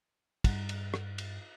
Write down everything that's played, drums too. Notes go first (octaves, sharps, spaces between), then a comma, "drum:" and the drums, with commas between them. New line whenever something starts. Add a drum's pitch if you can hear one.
G2, drum: kick, cymbal
drum: cymbal
drum: rim click
drum: cymbal